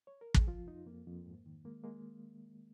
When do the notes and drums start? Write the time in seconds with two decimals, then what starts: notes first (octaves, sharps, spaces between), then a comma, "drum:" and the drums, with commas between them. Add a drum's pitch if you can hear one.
0.07 C#5
0.21 A#4
0.34 G#4, drum: kick
0.47 F3 F4
0.67 F2 D#4
0.86 F2 A#3
1.07 F2
1.26 G#2
1.46 D#3
1.65 G#3 A#3
1.84 G#3 A#3